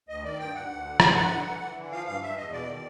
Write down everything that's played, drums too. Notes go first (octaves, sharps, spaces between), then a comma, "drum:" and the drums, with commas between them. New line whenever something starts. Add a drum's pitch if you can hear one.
D2 D#5
D#3 D5
G2 G5
D2 F#5
D2
D3
G2, drum: rim click
G2 F#5
D3
E3
E3
D3
F3 F5
G2 F5
G2 E5
E2 D#5
B2 D5
D#3